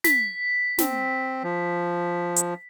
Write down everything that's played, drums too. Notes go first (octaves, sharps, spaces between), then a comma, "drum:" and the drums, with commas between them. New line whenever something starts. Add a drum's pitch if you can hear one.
B6, drum: snare
C4, drum: snare
F3
drum: hi-hat